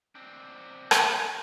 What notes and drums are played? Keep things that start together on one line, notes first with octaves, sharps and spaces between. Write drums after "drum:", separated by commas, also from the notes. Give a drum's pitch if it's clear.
C4 D4
drum: rim click